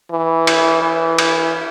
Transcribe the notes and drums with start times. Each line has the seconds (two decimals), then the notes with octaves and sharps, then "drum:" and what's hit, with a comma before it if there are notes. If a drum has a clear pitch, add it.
0.11 E3
0.47 drum: cymbal
0.83 E3
1.18 drum: cymbal